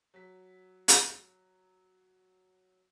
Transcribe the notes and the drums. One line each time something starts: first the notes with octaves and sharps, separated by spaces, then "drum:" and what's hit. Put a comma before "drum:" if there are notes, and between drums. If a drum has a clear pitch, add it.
F#3 B6
drum: hi-hat